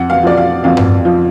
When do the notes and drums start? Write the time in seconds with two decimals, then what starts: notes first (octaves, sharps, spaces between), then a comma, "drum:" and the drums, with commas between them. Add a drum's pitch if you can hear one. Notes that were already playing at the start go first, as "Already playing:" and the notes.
Already playing: F2 F#5
0.10 F5
0.23 F3 D5
0.37 F5
0.64 F2 F5
0.77 drum: tom G2
1.05 F3